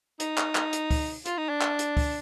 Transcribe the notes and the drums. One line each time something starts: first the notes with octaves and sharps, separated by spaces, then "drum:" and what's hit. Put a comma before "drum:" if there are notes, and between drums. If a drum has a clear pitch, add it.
D#4, drum: hi-hat
drum: clap
drum: clap
drum: hi-hat
drum: kick, open hi-hat
F4, drum: hi-hat
D#4
D4
drum: clap
drum: hi-hat
drum: kick, open hi-hat